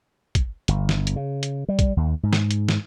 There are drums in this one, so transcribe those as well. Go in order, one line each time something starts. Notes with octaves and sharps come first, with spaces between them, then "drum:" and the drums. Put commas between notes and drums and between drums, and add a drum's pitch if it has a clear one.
drum: kick, hi-hat
G1, drum: hi-hat
drum: snare
drum: hi-hat
C#3
drum: hi-hat
G3
drum: kick, hi-hat
D#2
G#2
drum: snare
drum: hi-hat
drum: snare